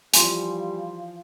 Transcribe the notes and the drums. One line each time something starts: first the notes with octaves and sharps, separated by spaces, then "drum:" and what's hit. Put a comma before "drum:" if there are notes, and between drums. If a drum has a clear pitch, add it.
E3 F3 G3 F5 G#5 C6, drum: hi-hat